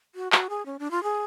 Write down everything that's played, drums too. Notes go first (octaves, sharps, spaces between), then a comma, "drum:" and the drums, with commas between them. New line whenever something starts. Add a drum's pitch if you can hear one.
F#4
F#4, drum: clap
G#4
C#4
D4
F4
G#4